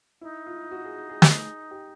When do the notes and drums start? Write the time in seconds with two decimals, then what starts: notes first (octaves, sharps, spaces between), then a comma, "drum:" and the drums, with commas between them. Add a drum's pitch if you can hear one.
0.21 D#4 E4
0.47 F4
0.71 F#4
0.84 G#4
0.96 G#4
1.09 G#4
1.22 G#4, drum: snare
1.71 G4